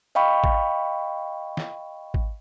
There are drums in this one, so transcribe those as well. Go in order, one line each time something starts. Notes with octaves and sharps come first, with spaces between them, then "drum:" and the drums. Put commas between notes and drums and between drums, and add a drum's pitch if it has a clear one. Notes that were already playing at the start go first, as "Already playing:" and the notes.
D#5 F5 G5 B5 C#6
drum: kick G#1
drum: snare
drum: kick G#1